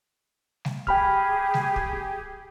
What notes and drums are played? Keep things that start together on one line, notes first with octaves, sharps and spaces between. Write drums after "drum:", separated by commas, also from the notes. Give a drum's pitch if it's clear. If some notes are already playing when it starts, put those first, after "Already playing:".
drum: snare G3
G4 G#4 G5 B5 F6, drum: kick
drum: snare G3
drum: kick